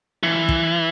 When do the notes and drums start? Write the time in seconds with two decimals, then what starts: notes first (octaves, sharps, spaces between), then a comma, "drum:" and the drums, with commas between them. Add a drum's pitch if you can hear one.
0.23 E3
0.49 drum: kick